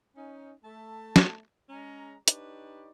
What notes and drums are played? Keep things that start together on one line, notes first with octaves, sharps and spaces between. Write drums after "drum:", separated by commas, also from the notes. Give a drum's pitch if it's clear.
C#4 D#4
A3 A5
drum: snare
G#3 C#4 A#5
D4 D#4 G4 B4 C#5 D5, drum: hi-hat